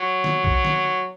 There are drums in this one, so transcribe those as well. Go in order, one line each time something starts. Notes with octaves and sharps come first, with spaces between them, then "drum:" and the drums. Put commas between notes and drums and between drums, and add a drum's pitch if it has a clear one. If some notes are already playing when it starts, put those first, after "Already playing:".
Already playing: F#3
drum: snare
drum: kick
drum: snare